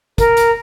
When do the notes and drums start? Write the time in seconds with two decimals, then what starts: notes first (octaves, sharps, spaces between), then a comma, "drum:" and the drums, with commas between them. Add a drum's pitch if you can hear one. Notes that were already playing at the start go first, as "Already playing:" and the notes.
0.18 A#4, drum: kick, hi-hat
0.37 drum: hi-hat